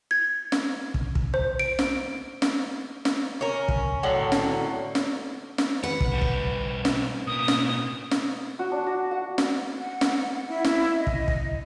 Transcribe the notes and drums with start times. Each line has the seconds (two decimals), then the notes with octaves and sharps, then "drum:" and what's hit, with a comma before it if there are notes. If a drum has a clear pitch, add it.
0.11 G#6
0.52 drum: snare
0.94 drum: kick
1.15 drum: kick
1.34 C5
1.60 D7
1.79 drum: snare
2.42 drum: snare
3.05 drum: snare
3.41 C#4 A#4
3.68 drum: kick
4.03 A2 D3 F#3
4.32 drum: snare
4.95 drum: snare
5.58 drum: snare
5.83 B4 F#5
6.00 drum: kick
6.12 B2 G3
6.22 drum: kick
6.85 drum: snare
7.27 B2 A#3 D#6
7.48 drum: snare
8.11 drum: snare
8.59 F#4
8.72 D4
8.86 F#4
9.11 F#5
9.38 drum: snare
9.79 F#5
10.01 drum: snare
10.48 E4
10.64 drum: snare
10.97 D#5
11.07 drum: kick
11.28 drum: kick